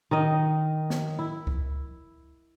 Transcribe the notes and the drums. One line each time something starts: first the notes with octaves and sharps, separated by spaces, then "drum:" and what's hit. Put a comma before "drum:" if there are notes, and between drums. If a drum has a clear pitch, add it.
D#3 D#4 D#5
drum: snare
E4
drum: kick C#2